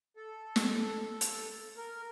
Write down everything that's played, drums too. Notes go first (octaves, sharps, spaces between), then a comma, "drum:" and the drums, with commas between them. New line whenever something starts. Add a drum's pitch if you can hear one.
A4
drum: snare
drum: hi-hat
A#4